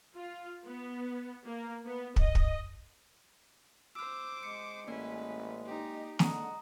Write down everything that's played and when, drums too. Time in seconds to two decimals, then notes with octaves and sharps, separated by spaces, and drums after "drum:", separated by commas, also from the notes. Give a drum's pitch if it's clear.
0.15 F4
0.64 B3
1.45 A#3
1.85 B3
2.16 D#5, drum: kick
2.35 drum: kick
3.95 C5 D6 E6 F6
4.43 G#3 C#7
4.88 A1 A#3 C#4 B4 D5
5.65 D#4 G4
6.19 D3 G#3 F#5 A#5 D#6, drum: snare